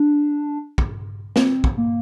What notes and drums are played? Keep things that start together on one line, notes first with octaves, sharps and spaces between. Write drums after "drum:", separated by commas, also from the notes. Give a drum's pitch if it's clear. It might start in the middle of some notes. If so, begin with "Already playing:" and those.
Already playing: D4
drum: kick
C4, drum: snare
drum: kick
A#3